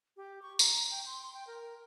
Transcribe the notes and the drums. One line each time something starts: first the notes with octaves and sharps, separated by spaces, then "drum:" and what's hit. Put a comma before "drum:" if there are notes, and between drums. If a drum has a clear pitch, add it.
G4
C#6
A#5, drum: tambourine
G5
C6
C6
G5
A#4